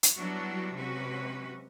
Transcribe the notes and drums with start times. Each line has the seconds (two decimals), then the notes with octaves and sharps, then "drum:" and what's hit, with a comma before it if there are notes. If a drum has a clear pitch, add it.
0.03 drum: hi-hat
0.16 F#3 G3 B3 D4 E4 F#4
0.74 C3 F#3 G#3 C#4 F#4 B4